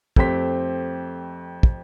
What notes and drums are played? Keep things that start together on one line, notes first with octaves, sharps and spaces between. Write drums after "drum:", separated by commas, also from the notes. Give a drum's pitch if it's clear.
F2 A3 C4 G4 C5 B6, drum: kick
drum: kick